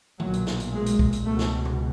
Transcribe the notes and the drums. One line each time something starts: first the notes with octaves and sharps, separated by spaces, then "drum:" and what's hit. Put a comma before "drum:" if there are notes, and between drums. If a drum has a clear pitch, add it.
B1 A#2 F#3, drum: tom D3
drum: hi-hat
drum: snare
drum: hi-hat
G#3
drum: hi-hat
drum: kick
drum: hi-hat
C#2 B2 A3
drum: snare
drum: tom C3